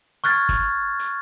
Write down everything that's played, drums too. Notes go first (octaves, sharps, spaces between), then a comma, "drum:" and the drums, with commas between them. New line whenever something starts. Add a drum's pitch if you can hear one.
C#6 F6 F#6 G#6 A6
drum: kick, hi-hat
drum: hi-hat